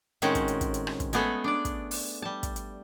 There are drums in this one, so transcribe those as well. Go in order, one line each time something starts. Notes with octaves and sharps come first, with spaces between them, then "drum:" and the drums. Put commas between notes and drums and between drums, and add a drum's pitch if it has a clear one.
A2 D#3 G#3 C4 C#4 F#4, drum: hi-hat
drum: kick, hi-hat
drum: hi-hat
drum: kick, hi-hat
drum: hi-hat
drum: rim click
drum: kick, hi-hat
G#3 A3 B3 G#4 A4, drum: hi-hat
D4 D5
drum: kick, hi-hat
drum: open hi-hat
G3 A5
drum: kick, hi-hat
drum: hi-hat